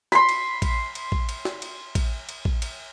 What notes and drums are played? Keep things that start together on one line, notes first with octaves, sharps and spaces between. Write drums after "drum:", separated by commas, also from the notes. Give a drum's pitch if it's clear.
B5 C6, drum: snare
drum: cymbal
drum: kick, cymbal
drum: cymbal
drum: kick
drum: cymbal
drum: snare
drum: cymbal
drum: kick, cymbal
drum: cymbal
drum: kick
drum: cymbal